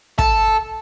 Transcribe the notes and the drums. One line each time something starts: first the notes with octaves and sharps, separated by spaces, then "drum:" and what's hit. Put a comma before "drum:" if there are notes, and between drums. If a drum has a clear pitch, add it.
A4, drum: kick